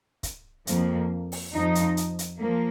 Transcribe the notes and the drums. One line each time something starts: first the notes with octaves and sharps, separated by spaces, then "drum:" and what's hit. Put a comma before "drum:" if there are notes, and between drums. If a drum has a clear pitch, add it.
drum: kick, hi-hat
F2 F3 A#3, drum: hi-hat
drum: open hi-hat
F2 F3 D#4
drum: hi-hat
drum: hi-hat
drum: hi-hat
F3 A#3